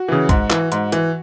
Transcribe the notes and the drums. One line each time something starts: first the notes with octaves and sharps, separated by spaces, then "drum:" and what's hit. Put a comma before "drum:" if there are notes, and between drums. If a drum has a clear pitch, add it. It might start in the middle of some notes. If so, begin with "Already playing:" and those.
Already playing: F#4
C#3 E3
G#2, drum: kick, hi-hat
E3, drum: clap
G#2, drum: hi-hat
E3, drum: hi-hat